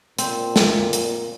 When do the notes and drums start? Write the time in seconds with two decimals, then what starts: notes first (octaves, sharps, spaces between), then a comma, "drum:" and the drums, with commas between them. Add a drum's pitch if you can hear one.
0.18 A#2 C4, drum: hi-hat
0.56 drum: snare
0.93 drum: hi-hat